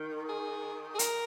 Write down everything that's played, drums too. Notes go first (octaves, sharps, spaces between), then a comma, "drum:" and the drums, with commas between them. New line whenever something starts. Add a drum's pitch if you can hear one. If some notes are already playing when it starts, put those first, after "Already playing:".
Already playing: D#3
G#4
G#4
A#4, drum: hi-hat